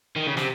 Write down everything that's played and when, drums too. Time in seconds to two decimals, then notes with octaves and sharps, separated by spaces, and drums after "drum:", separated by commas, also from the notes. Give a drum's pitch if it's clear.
0.16 D#3
0.27 C#3
0.37 C3, drum: snare